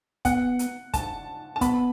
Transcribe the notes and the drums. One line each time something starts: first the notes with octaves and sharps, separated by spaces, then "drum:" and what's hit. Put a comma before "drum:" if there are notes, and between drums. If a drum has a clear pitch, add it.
B3 F#5, drum: kick, hi-hat
drum: hi-hat
A5, drum: kick, hi-hat
A5
B3 B5, drum: kick, hi-hat